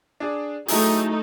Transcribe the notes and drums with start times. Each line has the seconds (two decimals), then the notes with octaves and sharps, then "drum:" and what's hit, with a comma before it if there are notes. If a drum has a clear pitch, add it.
0.20 D4 G#4 D5
0.68 F#3 A3 D#4 E4 G#4 A4, drum: open hi-hat